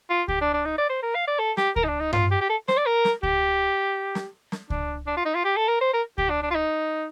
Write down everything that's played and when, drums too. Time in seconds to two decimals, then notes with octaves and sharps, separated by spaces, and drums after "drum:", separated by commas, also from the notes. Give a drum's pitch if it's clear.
0.10 F4
0.28 G4, drum: kick C#2
0.41 D4
0.53 D4
0.65 D#4
0.78 D5
0.90 C5
1.03 A#4
1.15 F5
1.27 D5
1.39 A4
1.57 G4, drum: snare
1.76 A#4, drum: kick C#2
1.84 D#4
1.88 D4
2.00 D#4
2.13 F4, drum: tom G2
2.31 G4
2.41 G4
2.50 A4
2.68 C5, drum: snare
2.77 D5
2.86 A#4
3.05 drum: snare
3.23 G4, drum: kick C#2
4.15 drum: snare
4.52 drum: snare
4.70 D4, drum: kick C#2
5.07 D4
5.17 F4
5.25 D#4
5.35 F4
5.44 G4
5.56 A4
5.68 A#4
5.81 C5
5.93 A#4
6.18 G4, drum: kick C#2
6.30 D4
6.43 D4
6.50 F4
6.55 D#4